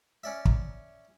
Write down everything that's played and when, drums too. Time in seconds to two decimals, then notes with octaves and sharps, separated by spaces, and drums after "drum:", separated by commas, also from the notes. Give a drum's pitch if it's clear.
0.24 C#4 D5 E5
0.45 drum: kick